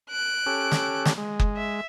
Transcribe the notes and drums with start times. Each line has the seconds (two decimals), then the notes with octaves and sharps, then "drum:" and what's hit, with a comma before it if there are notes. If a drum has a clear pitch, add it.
0.10 F#6 D7
0.46 C#4 G4 A4
0.72 drum: snare
1.05 drum: snare
1.17 G#3
1.39 drum: kick F#1
1.56 E5